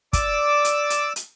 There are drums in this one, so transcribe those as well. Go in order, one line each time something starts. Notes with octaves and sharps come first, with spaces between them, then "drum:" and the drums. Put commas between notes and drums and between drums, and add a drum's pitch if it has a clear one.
D5 D6 E6, drum: kick, hi-hat
drum: hi-hat
drum: hi-hat
drum: hi-hat